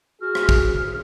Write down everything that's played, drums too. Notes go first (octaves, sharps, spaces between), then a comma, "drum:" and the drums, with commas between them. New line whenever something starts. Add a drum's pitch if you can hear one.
F#4 G#4 F6
drum: rim click
drum: kick